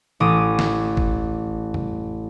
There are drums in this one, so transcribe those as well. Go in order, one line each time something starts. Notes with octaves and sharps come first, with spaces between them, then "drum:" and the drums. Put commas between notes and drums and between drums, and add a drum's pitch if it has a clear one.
A1 D6 D#6
drum: snare
drum: kick
drum: tom